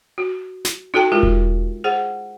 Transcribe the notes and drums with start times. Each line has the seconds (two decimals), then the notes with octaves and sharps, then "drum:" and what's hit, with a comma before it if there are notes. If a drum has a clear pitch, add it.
0.18 F#4
0.65 drum: snare
0.94 D#4 F#4 A4 G5 A5
1.12 G#3 F4 G4 A#4
1.23 drum: kick E1
1.84 G#4 C5 F#5